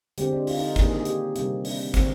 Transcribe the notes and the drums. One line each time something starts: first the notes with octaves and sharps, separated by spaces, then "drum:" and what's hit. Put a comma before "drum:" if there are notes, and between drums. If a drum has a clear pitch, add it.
D3 G#3 C4 G4, drum: hi-hat
D4
F4, drum: open hi-hat
D#4
D#3 A#3 G#4, drum: kick, hi-hat
G#4
G#4
G4, drum: hi-hat
C3 G3 C4, drum: hi-hat
D4, drum: open hi-hat
D3 G#3 C4, drum: kick, hi-hat